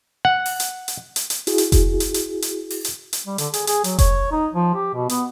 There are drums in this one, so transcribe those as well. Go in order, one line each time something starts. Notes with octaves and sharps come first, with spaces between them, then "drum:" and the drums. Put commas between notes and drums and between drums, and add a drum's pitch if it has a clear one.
F#5
drum: open hi-hat
drum: hi-hat
drum: hi-hat
drum: hi-hat
drum: hi-hat
E4 F#4 G#4, drum: hi-hat
drum: hi-hat
drum: kick F1, hi-hat
drum: hi-hat
drum: hi-hat
drum: hi-hat
drum: open hi-hat
drum: hi-hat
drum: hi-hat
G3
D3, drum: hi-hat
G#4, drum: hi-hat
G#4, drum: hi-hat
F#3, drum: hi-hat
C#5, drum: kick F1, hi-hat
D#4
F3
G4
B2
B3, drum: hi-hat